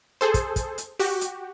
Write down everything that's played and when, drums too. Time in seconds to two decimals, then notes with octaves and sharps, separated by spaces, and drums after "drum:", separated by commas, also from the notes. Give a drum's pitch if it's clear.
0.21 G#4 A4 C5
0.34 drum: kick, hi-hat
0.56 drum: kick, hi-hat
0.78 drum: hi-hat
0.99 F#4 G4, drum: open hi-hat
1.21 drum: hi-hat